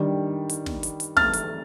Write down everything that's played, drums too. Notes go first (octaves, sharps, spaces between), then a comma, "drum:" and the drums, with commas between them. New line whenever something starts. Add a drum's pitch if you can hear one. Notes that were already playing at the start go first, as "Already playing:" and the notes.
Already playing: D#3 G3 D4
drum: hi-hat
drum: snare
drum: hi-hat
drum: hi-hat
F6 A6, drum: snare
drum: hi-hat